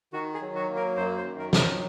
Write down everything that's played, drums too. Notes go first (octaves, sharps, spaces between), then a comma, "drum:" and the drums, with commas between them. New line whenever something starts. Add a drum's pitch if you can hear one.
D#3 F#4
G#4
F#3
F#4
A#3
A#4
F#2 C5
C5
D#3
A#4
F#3 A#4, drum: snare
C5